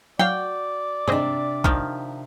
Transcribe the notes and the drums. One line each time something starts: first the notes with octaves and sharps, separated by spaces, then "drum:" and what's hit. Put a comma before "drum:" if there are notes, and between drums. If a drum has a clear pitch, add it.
F#3 F#4 D5 F5 G5
C3 D4 G#4 C5 D#5, drum: tom
D#3 F3, drum: kick